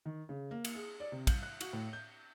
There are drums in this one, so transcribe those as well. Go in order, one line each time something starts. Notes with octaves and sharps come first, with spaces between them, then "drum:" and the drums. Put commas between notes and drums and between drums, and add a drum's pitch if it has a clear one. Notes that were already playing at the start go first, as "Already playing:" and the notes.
D#3
C#3
A#3
drum: cymbal
G#4
D5
C3
G6, drum: kick, cymbal
F#6
F#4, drum: cymbal
A2
G6